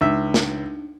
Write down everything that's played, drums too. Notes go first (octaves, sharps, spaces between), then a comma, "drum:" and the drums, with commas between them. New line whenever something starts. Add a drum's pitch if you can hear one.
C#2 D4 D#4 E5 E6
drum: snare